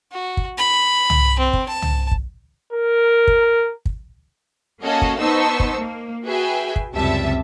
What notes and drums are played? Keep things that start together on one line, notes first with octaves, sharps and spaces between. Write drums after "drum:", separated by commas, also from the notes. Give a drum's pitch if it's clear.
F#4
drum: kick
B5
drum: tom
C4
drum: kick
A5
drum: tom
drum: kick
A#4
drum: kick
drum: kick
A#3 C#4 F#4 A4 D#5 F5
drum: kick
B3 D#4 C5 A5 C#6 E6
drum: kick
A#3
F#4 G#4 B4 E5 G5 G#5
drum: kick
C#2 F#2 C3 G3 E5 A5